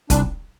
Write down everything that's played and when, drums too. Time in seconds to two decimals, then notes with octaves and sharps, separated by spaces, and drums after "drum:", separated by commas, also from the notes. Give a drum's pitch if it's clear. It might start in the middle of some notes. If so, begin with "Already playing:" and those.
0.10 C2 D4, drum: kick, hi-hat